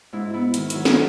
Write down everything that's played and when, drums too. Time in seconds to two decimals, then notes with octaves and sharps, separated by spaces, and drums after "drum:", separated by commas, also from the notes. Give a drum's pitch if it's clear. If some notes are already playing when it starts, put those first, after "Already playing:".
0.13 G#2 E4
0.34 B3 E4
0.54 D#3 E4, drum: hi-hat
0.70 F#3 E4, drum: hi-hat
0.85 D#4 F4, drum: snare